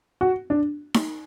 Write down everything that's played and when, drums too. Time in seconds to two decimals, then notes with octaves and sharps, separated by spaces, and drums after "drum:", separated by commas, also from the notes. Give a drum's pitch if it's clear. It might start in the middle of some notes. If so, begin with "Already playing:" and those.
0.21 F#4
0.50 D4
0.94 drum: snare D#4